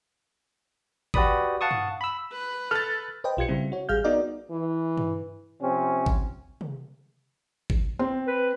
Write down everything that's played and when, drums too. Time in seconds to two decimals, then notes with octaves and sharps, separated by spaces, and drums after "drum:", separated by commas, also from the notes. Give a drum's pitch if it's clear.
1.14 F#4 G4 B4 D5 B5 D#6, drum: kick
1.61 F5 F#5 A5 C#6 D#6
1.71 drum: tom G2
2.01 B5 E6
2.32 B4
2.71 A4 F6 A6
3.24 B4 C5 D#5 G5
3.37 B1 F4 G4 G#6 C#7
3.48 C#3 G3 C4 E4
3.72 F#4 C#5
3.89 A1 G3 G#4 F5 F6 G6
4.04 B3 D#4 F#4 A#4 D5 D#5
4.51 E3
4.98 drum: tom G2
5.62 C3 F3 C4 C#4
6.06 drum: kick
6.61 drum: tom C3
7.70 drum: kick
7.99 C4
8.27 B4